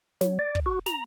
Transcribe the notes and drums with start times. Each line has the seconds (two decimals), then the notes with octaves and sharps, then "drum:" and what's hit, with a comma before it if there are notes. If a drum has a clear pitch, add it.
0.21 F#3, drum: snare
0.39 D5
0.55 drum: kick
0.66 F#4
0.86 A#5, drum: snare